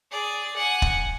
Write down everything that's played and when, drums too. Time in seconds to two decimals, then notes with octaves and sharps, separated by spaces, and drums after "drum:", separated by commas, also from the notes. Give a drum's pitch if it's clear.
0.11 G#4 D5
0.56 F#5 G#5
0.82 drum: kick